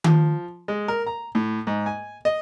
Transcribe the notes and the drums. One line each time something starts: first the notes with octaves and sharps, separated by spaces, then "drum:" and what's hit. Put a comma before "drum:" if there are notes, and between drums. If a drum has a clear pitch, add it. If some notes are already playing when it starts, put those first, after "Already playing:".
F3, drum: tom D#3
G#3
A#4
A#5
A2
G#2
G#5
D#5